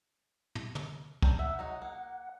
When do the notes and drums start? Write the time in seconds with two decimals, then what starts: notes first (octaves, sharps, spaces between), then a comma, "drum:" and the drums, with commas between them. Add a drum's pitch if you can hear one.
0.55 drum: tom
0.75 drum: tom
1.22 D4 A#4 G5, drum: kick
1.39 E5 F#5
1.59 F#3 D#4 G#4
1.82 A#3